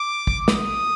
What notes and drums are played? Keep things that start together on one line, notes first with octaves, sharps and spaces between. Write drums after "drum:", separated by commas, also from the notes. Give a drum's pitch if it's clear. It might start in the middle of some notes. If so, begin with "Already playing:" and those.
Already playing: D6
drum: kick
D#6, drum: snare